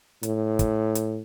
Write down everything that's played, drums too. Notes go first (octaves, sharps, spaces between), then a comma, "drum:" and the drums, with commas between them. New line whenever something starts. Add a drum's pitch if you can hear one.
A2, drum: hi-hat
drum: kick, hi-hat
drum: hi-hat